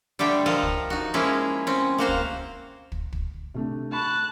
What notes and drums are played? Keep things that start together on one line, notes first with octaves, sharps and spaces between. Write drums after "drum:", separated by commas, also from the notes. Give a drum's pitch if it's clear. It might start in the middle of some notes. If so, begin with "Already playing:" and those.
D3 G3 A3 G4 A4 G5
F3 A4 A#4 D#5 F5 A5
drum: kick
D#4 F#4
F3 G#3 A#3 C#4 E4 G#4
C4 C#4
A#3 F#4 C5 F5
drum: kick
drum: kick
drum: kick
C3 A3 D4
A5 B5 C#6 F#6